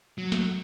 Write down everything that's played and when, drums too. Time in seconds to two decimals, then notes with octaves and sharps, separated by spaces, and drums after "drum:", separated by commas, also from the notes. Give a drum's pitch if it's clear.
0.18 F#3
0.32 drum: snare